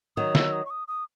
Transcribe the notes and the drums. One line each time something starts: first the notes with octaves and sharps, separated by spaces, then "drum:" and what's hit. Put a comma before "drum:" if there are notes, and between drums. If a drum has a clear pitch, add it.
D#3 F#3 D#6
E6, drum: snare
D#6
C#6
D#6
D#6